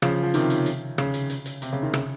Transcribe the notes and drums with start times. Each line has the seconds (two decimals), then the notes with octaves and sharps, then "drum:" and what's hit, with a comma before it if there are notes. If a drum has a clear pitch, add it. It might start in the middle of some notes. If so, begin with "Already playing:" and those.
0.02 C#3 F3, drum: rim click
0.23 F3
0.34 C3 D#3, drum: hi-hat
0.50 drum: hi-hat
0.66 drum: hi-hat
0.98 C#3, drum: rim click
1.14 drum: hi-hat
1.30 drum: hi-hat
1.46 drum: hi-hat
1.62 C3, drum: hi-hat
1.73 C#3
1.82 C3 D#3
1.94 C#3, drum: rim click